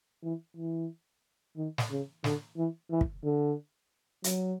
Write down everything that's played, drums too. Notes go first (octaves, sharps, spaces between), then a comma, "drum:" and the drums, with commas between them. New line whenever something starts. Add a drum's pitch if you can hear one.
E3
E3
D#3
drum: snare
C#3
D3, drum: snare
E3
E3
drum: kick
D3
F#3, drum: hi-hat